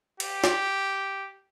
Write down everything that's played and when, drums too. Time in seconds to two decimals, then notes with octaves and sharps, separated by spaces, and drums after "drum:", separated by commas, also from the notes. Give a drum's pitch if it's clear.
0.20 G4, drum: cymbal
0.44 drum: snare